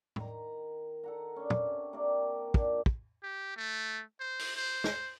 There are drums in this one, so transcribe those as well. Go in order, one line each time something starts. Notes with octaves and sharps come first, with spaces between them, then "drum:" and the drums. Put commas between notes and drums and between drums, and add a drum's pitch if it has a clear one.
D#3 A#5, drum: tom
A4 F#5 A#5
C#4 D4
drum: tom
C3
C3 A#3 A#4 D5
D#3 D4 F4 G4, drum: kick
drum: kick
G4
A3
C5
drum: open hi-hat
C5
drum: snare